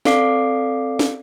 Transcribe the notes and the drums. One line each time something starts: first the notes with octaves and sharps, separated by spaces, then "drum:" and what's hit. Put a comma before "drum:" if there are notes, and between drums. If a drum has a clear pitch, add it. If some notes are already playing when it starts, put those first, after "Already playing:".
C4 A4 D5 F5 D6 C7, drum: snare
drum: snare